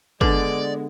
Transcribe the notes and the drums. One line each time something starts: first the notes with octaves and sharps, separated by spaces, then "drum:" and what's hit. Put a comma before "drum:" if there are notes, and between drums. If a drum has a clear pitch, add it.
D3 G#3 B3 D4 B4 D5, drum: kick